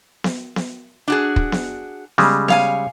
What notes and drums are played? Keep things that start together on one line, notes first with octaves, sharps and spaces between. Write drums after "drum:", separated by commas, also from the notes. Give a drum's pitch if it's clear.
drum: snare B3
drum: snare B3
D4 F#4 G#4
drum: kick
drum: snare B3
C#3 G3 G#3, drum: snare B3
C#5 F5 G#5, drum: snare B3